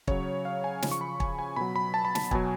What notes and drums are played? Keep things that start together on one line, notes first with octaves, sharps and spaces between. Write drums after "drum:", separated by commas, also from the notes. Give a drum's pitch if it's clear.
C#3 F#3 C#5, drum: kick
F5
G#5
C#3 F3, drum: snare
C#6
B5
G#5, drum: kick
G#5
B2 F#3 B5
B5
A5
B5
A5, drum: snare
B2 F#3 G#5, drum: kick